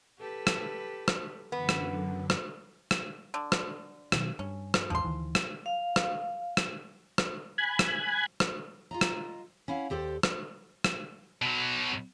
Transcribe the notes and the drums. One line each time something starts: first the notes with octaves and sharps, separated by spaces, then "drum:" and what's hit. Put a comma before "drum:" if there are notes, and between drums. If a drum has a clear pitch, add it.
G4 A4 B4
drum: rim click
drum: rim click
F#2 D3 E3 B3
drum: rim click
drum: rim click
drum: rim click
D3
drum: rim click
B2 D#3 F#3, drum: rim click
G2 C#4
drum: rim click
A1 E2 G2 F3 C6
D2 D#3 E3
drum: rim click
F5
drum: rim click
drum: rim click
drum: rim click
G#5 B5 F#6 G#6
drum: rim click
drum: rim click
F4 D#5 A#5
drum: rim click
C#4 E4 F5 F#5
D#2 G4 A4 C5 D5
drum: rim click
drum: rim click
B2 F#3